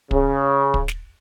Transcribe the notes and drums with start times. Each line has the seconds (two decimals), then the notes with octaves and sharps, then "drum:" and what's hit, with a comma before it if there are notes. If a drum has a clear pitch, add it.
0.11 C#3, drum: kick
0.74 drum: kick
0.88 drum: snare